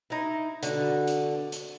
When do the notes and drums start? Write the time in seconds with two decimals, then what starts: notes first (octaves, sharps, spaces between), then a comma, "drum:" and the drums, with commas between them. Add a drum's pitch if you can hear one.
0.10 D#4 E4
0.63 B2 D3, drum: hi-hat
1.07 drum: hi-hat
1.52 drum: hi-hat